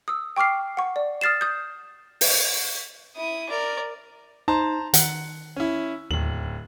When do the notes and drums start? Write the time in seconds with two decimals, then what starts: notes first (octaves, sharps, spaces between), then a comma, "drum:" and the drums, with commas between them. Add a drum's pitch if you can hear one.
0.08 D#6 E6
0.36 G5 C#6 D6 F6 C7
0.77 F#5 C#6
0.96 D5
1.21 D#6 F6 A6 C7 E7
1.41 D#6 G6
2.21 drum: open hi-hat
3.16 E4 D#6
3.49 A#4 D5
4.48 D#4 C5 A5 A#5
4.94 D#3 F#5, drum: hi-hat
5.56 C#4 E4
6.11 D1 D#2 F#7